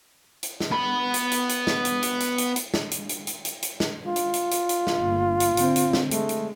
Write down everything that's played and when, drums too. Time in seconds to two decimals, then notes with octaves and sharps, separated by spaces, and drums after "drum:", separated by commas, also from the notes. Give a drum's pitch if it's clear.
0.43 drum: hi-hat
0.60 drum: snare
0.72 B3 B5
1.14 drum: hi-hat
1.32 drum: hi-hat
1.49 drum: hi-hat
1.67 drum: snare
1.85 drum: hi-hat
2.03 drum: hi-hat
2.20 drum: hi-hat
2.38 drum: hi-hat
2.56 drum: hi-hat
2.74 drum: snare
2.91 drum: hi-hat
3.09 drum: hi-hat
3.27 drum: hi-hat
3.45 drum: hi-hat
3.62 drum: hi-hat
3.80 drum: snare
4.06 F4
4.16 drum: hi-hat
4.34 drum: hi-hat
4.51 drum: hi-hat
4.69 drum: hi-hat
4.87 drum: snare
4.99 G1 A#3
5.40 drum: hi-hat
5.57 D3 C4, drum: hi-hat
5.76 drum: hi-hat
5.93 drum: snare
6.11 G#3 A3, drum: hi-hat
6.29 drum: hi-hat